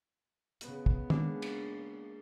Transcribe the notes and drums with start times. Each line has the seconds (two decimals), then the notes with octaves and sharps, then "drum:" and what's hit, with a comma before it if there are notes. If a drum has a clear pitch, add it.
0.61 C#3 B3, drum: hi-hat
0.86 drum: kick
1.10 G#3 A#3 D4, drum: tom
1.42 drum: cymbal